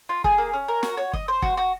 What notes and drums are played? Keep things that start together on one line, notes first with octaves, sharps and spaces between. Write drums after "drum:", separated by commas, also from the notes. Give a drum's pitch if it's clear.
F4
G#4, drum: kick
A#3
C#4
A#4
F#4, drum: snare
C#5
D#5, drum: kick
C5
F#4, drum: kick
F#4